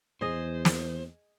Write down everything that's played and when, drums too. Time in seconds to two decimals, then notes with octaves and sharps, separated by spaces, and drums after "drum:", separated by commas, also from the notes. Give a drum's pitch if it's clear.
0.21 E2 G#4 C5 D#5
0.65 drum: snare